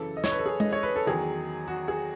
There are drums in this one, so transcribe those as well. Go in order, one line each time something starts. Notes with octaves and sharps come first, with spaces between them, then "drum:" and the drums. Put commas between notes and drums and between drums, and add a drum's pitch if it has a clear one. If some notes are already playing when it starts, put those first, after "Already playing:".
Already playing: F#2 C#3 E3 A4
D#5
C#5, drum: snare
B4
A4
G#4
D#5, drum: tom G#3
C#5
B4
A4
E2 D#3 F#3 G#4
F#4
G#4